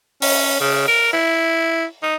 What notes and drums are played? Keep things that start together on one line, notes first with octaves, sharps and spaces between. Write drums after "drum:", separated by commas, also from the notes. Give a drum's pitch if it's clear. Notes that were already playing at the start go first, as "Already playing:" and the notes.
C#4, drum: open hi-hat
C#3
A#4
E4
D#4